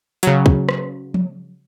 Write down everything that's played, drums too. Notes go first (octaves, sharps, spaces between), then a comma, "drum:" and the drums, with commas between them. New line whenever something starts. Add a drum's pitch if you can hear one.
C#3 F#3, drum: hi-hat
drum: kick
drum: rim click
drum: tom F3